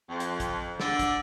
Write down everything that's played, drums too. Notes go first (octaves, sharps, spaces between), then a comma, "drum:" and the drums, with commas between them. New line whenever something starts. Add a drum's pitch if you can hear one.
F2
drum: hi-hat
drum: kick, hi-hat
D3 D5, drum: snare
drum: kick, hi-hat